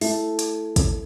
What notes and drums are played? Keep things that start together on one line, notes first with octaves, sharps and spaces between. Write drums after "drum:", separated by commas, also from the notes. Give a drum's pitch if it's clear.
A3 E4, drum: open hi-hat
drum: hi-hat
drum: kick, hi-hat